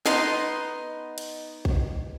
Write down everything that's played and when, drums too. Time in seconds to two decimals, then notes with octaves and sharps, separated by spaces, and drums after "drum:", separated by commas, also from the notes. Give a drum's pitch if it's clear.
0.06 B3 D#4 D#5 C6, drum: snare
1.18 drum: cymbal
1.65 drum: kick B1